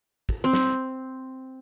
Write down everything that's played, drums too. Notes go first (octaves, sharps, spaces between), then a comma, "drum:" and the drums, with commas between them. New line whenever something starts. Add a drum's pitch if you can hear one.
drum: kick
C4
drum: snare